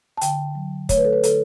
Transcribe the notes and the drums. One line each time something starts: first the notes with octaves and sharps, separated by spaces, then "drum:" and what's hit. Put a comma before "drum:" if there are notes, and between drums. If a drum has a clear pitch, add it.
A5
D3 G5, drum: hi-hat
F#3
A3 C#5, drum: kick, hi-hat
B4
A4
B4
D3 A4, drum: hi-hat